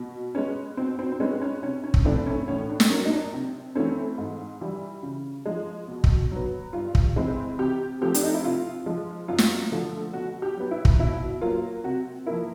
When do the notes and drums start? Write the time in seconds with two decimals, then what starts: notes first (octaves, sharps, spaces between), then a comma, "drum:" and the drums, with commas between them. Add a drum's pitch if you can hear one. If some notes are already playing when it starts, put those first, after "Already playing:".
Already playing: B2
0.35 G#3 B3 C#4
0.77 B2 C4
0.99 C4
1.12 C4
1.20 G#3 B3 C#4
1.41 C#4
1.62 C3 C#4
1.84 C#4
1.94 drum: kick
2.05 E3 A3 C4 D4
2.26 C#4
2.48 A2 C#4
2.69 D4
2.80 drum: snare
2.90 F#3 A#3 C#4
3.05 D#4
3.12 D4
3.33 C3
3.75 E3 A3 C4 C#4
4.18 G#2
4.61 E3 G3
5.03 C#3
5.45 F3 G#3
5.88 B2
6.04 drum: kick
6.31 F#3 B3
6.73 G2 F4
6.95 drum: kick
7.16 E3 G#3 C4
7.59 C3 G4
8.01 F3 A3 C4 G4
8.14 D4, drum: hi-hat
8.23 D#4
8.34 E4
8.44 C3 F4
8.86 F3 G#3
9.28 F#2 F4
9.38 drum: snare
9.72 D3 F3 A3
10.13 B2 F#4
10.42 G4
10.57 F#3 B3
10.71 E4
10.85 drum: kick
10.99 B2 E4
11.41 F#3 A#3 F4
11.84 C3 F#4
12.26 F3 A#3 E4